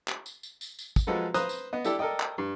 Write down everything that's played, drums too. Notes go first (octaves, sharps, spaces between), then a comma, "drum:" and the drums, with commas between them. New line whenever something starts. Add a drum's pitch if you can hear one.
drum: clap
drum: tambourine
drum: tambourine
drum: tambourine
drum: tambourine
drum: kick, tambourine
F3 F#3 G#3 F#4 A4 B4
B4 C5 A#5 D#6 F#6, drum: tambourine
drum: tambourine
B3 D#5
D4 E4 G4 A4 D5, drum: tambourine
A4 A#4 D5 D#5 G5
drum: clap
G2